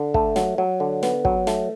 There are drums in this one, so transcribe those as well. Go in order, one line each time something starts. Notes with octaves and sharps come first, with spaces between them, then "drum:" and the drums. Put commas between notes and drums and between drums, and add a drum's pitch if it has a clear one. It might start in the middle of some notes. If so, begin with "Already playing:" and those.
Already playing: D3
A3, drum: kick
F#3, drum: snare
F#3
D3
B3, drum: snare
F#3, drum: kick
A3, drum: snare